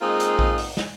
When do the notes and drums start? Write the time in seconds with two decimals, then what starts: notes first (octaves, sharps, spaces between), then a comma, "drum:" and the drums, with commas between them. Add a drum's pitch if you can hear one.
0.01 G#3 A#3 C4 D#4 F4 G#4
0.20 drum: hi-hat
0.39 drum: kick A#1
0.58 drum: open hi-hat
0.77 drum: snare